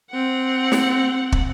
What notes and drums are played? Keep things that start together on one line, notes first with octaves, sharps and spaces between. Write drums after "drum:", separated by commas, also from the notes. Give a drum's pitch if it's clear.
C4 F#5
drum: snare
drum: kick